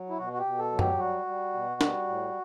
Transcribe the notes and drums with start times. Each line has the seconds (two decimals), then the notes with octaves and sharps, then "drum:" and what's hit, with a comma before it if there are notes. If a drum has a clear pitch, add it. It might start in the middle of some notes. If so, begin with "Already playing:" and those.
Already playing: F#3
0.10 E4
0.18 B2 F#4
0.33 F#4
0.39 G4
0.45 B2
0.59 A4
0.72 F#3
0.79 G4, drum: tom F#2
0.99 G3 F#4
1.26 G3
1.53 B2
1.81 G3, drum: snare
2.08 A2